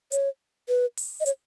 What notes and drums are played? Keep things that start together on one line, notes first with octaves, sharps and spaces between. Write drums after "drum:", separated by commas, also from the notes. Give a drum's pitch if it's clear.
C#5, drum: hi-hat
B4
drum: open hi-hat
D#5
C#5, drum: hi-hat